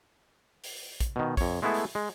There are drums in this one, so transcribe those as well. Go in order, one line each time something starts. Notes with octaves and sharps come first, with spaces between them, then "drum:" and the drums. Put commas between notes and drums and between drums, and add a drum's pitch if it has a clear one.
drum: open hi-hat
drum: kick, hi-hat
B2 D#3
F2 C#5, drum: kick, open hi-hat
G#3 A3 B3 E4 G#4 A4
drum: open hi-hat
G#3